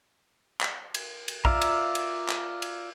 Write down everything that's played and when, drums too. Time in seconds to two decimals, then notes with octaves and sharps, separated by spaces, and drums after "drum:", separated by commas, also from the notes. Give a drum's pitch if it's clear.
0.61 drum: clap
0.94 drum: cymbal
1.28 drum: cymbal
1.45 F4 D5 E5 F5 A#5, drum: kick A#1
1.62 drum: cymbal
1.95 drum: cymbal
2.29 drum: clap
2.62 drum: cymbal